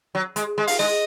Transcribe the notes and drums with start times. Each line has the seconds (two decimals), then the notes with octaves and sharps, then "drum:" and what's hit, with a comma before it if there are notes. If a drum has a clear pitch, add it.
0.15 F#3
0.36 G#3, drum: hi-hat
0.58 G#3
0.67 F5, drum: open hi-hat
0.79 G#3 D#5